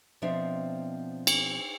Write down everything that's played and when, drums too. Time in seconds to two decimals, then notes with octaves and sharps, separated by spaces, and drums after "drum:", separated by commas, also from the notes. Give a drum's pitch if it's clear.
0.22 B2 F3 C4 D4 E5
1.27 drum: cymbal